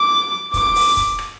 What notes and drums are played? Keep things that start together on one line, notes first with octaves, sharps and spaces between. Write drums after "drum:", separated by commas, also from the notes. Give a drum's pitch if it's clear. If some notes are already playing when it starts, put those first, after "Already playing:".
Already playing: D6
D6, drum: kick, hi-hat
drum: open hi-hat
drum: kick, hi-hat
drum: rim click